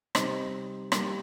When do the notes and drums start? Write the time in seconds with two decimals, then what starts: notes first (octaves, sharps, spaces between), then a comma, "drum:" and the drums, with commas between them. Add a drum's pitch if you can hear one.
0.15 C3 G3 D#4 C5 D#5, drum: rim click
0.92 G3 A#3 D#4, drum: rim click